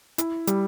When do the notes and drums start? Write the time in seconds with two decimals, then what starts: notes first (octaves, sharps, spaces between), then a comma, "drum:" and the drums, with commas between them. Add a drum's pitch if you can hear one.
0.18 E4, drum: hi-hat
0.47 G3, drum: hi-hat